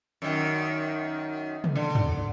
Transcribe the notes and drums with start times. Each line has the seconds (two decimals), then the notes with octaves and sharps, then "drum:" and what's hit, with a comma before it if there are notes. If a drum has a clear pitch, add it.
0.22 F#2 D#3
1.64 drum: tom
1.76 D3
1.95 drum: tom